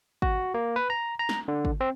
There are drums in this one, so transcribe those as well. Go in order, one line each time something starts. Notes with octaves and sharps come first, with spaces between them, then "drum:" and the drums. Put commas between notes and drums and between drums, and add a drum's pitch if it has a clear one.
F#4, drum: kick
A#3
B4
A#5
A#5
drum: snare
D3
drum: kick
C4